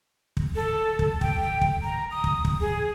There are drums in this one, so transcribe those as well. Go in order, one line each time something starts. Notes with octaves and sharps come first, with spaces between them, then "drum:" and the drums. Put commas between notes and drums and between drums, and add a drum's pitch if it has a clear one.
drum: kick
A4
drum: kick
G5, drum: kick
drum: kick
A#5
D#6
drum: kick
drum: kick
G#4